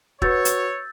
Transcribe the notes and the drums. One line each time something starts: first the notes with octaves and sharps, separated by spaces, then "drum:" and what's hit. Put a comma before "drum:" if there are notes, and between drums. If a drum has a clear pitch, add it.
F#4 B4 C#5 E6 G6 A6, drum: kick
drum: hi-hat